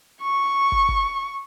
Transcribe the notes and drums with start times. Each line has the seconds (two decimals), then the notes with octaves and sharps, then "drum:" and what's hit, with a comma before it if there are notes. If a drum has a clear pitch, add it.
0.22 C#6
0.72 drum: kick
0.89 drum: kick